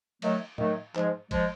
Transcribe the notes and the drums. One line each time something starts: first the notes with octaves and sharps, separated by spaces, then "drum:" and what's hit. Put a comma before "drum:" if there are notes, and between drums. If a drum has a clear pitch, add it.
D#3 F#3 A3, drum: cymbal
D#3 F#3 A3, drum: tom A2
G#2 F3 G#3, drum: clap
F3 G#3, drum: kick G#1, cymbal